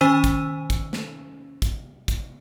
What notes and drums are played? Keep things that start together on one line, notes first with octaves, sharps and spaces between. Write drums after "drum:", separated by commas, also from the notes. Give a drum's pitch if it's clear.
D#3 C#4 C5 G#5 E6 D#7
drum: kick, hi-hat
drum: kick, hi-hat
drum: snare
drum: kick, hi-hat
drum: kick, hi-hat